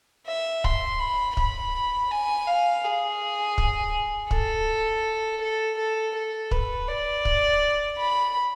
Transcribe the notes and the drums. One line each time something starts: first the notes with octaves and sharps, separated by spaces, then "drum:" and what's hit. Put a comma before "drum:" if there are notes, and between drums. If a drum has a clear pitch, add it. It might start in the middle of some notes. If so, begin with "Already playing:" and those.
E5
C6, drum: kick
B5
B5, drum: kick
G#5
F5
G#4
drum: kick
A4, drum: kick
A4
A4
A4
B4, drum: kick
D5
drum: kick
B5